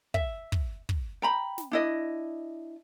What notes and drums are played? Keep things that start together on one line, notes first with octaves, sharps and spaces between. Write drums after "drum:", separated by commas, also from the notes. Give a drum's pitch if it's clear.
E5, drum: kick
drum: kick
drum: kick
G5 A#5 B5
drum: snare
D4 E4 D#5